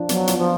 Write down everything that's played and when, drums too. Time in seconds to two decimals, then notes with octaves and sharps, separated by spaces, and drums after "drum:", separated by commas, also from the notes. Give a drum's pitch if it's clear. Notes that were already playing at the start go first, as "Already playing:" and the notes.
Already playing: F3 D4
0.09 F#3 B3, drum: hi-hat
0.27 F4, drum: hi-hat
0.38 F3